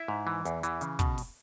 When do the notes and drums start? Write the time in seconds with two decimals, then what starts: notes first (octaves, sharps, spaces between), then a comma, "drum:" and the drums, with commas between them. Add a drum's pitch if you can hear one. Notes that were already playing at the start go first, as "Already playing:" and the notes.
Already playing: E4 E5
0.08 G#2
0.27 E3
0.45 E2, drum: hi-hat
0.63 E3, drum: hi-hat
0.81 C#3, drum: hi-hat
0.99 B2, drum: kick, hi-hat
1.18 drum: open hi-hat